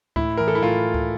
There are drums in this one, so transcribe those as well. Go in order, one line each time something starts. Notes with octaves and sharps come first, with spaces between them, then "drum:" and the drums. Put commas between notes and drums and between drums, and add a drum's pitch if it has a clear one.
A2 E4, drum: kick C#2
E3 A#4
A4
E4
A2 F4
drum: kick C#2